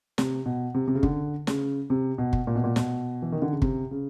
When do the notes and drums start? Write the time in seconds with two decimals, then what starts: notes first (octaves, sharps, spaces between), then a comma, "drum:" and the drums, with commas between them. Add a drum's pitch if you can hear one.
0.18 C3, drum: snare
0.46 B2
0.74 C3
0.88 C3
0.95 C#3
1.03 D3, drum: kick
1.47 C#3, drum: snare
1.90 C3
2.18 B2
2.33 drum: kick
2.47 A#2
2.55 B2
2.64 A#2
2.76 B2, drum: snare
3.22 E3
3.32 D#3
3.42 D3
3.52 C#3
3.62 C3, drum: kick
3.91 C#3